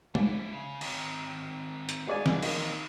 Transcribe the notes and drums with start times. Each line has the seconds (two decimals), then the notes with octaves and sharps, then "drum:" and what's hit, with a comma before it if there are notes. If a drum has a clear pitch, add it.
0.15 D4 E4, drum: tom G#3
0.53 C#3
0.81 D#3 C4, drum: cymbal
1.89 drum: hi-hat
2.07 G#3 D5 E5 F5 G#5
2.26 drum: snare
2.43 D#3 A#3 C4, drum: cymbal